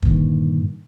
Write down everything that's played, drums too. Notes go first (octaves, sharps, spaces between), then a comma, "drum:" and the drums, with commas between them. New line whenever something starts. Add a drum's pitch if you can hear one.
G2 A#2 D3 D#3, drum: kick